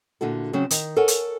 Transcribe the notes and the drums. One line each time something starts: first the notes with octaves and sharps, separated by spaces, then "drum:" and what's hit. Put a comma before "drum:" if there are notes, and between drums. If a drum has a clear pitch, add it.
A#2 D3 E4 F#4 A4
C#3 F#3 C4 C#4
D#3, drum: hi-hat
A4 A#4 C#5 F#5 G#5
drum: hi-hat